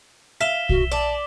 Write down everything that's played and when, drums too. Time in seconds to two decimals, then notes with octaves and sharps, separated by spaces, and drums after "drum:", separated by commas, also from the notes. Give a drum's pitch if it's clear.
0.41 E5 F5 B6 E7 G7
0.69 F#4, drum: kick
0.92 D5 A5